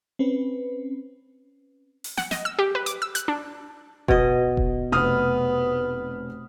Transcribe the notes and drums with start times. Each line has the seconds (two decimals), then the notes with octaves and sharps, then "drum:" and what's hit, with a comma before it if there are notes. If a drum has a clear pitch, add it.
0.19 C4 C#4 B4
2.04 drum: open hi-hat
2.18 F#5, drum: snare
2.31 D#5, drum: snare
2.45 E6
2.59 G4
2.75 B4
2.86 D6, drum: hi-hat
3.02 E6
3.15 F#6, drum: hi-hat
3.28 D4
4.08 B2 D#5, drum: kick E1
4.57 drum: kick E1
4.92 F1 B3 D#6 F6